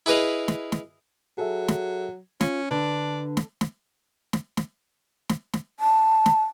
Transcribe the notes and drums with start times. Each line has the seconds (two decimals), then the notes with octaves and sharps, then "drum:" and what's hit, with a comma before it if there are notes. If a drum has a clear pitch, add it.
0.06 E4 G#4 B4 D#5 F5
0.48 drum: snare
0.72 drum: snare
1.38 F#3 G#4 A4 E5
1.68 drum: snare
2.41 C#4 F4, drum: snare
2.71 D3 D4 B4
3.37 drum: snare
3.61 drum: snare
4.33 drum: snare
4.57 drum: snare
5.29 drum: snare
5.53 drum: snare
5.80 A5
6.26 drum: snare